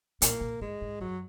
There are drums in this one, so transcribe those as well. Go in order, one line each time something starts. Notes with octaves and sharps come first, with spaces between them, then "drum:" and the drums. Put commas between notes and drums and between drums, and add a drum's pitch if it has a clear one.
A#2 A#3, drum: hi-hat
A#2
G#2 G#3
G#2
F#2 F#3